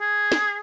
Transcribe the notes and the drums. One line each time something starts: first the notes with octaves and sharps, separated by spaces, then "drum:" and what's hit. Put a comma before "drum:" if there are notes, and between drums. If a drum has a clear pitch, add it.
G#4
drum: snare